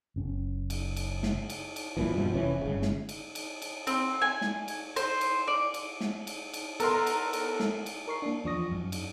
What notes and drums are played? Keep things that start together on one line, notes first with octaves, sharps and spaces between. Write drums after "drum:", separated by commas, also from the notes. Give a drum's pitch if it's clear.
F#1 C#4
drum: cymbal
drum: cymbal
drum: snare
drum: cymbal
drum: cymbal
F#2 A#2 E3
D1 G2 B2 F3
F1 E3 C#4
G1 C#3
drum: snare
drum: cymbal
drum: cymbal
drum: cymbal
C4, drum: cymbal
G#5
drum: snare
drum: cymbal
C5, drum: cymbal
drum: cymbal
D5
drum: cymbal
drum: snare
drum: cymbal
drum: cymbal
B3 A4 A#4 A#5 C6, drum: cymbal
drum: cymbal
drum: cymbal
drum: snare
drum: cymbal
A#4 C#6 C7
A#3 D4
E2 F3 D4 C#6 D#6 A#6
F#2
drum: cymbal